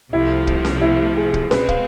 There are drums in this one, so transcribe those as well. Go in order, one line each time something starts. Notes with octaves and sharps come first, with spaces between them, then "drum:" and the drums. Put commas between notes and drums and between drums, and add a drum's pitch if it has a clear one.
C2 C3 F3 A3 E4
drum: kick
drum: snare C#4
E4
G#4
drum: kick
B2 G#3 C4 B4, drum: snare C#4
F5, drum: kick